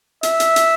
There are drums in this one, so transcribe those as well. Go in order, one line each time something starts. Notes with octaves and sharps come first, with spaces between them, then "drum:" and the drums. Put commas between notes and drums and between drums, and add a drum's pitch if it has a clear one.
E5, drum: hi-hat
drum: hi-hat
drum: hi-hat